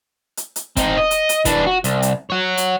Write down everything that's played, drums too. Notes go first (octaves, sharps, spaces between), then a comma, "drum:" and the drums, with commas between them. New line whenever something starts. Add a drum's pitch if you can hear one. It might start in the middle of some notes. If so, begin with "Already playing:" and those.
drum: hi-hat
drum: hi-hat
C4 D#4, drum: kick, hi-hat
D#5
drum: hi-hat
drum: hi-hat
E3 D4, drum: kick, hi-hat
F#4
C2, drum: hi-hat
drum: hi-hat
C#5 F#5
drum: hi-hat